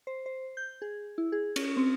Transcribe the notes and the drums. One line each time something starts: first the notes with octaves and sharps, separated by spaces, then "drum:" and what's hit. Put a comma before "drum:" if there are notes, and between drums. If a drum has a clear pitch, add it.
C5
C5
G6
G#4
E4
G#4
C#4, drum: cymbal
C4